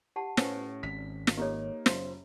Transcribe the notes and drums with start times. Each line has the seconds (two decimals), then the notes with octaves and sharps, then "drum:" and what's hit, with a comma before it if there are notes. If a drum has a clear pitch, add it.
0.16 G4 F#5 A5
0.37 A2 C#4 B4 C5, drum: snare
0.83 G#1 B6
1.27 drum: snare
1.38 A#3 D#4 G4 A4 C#5
1.86 F#1 C5, drum: snare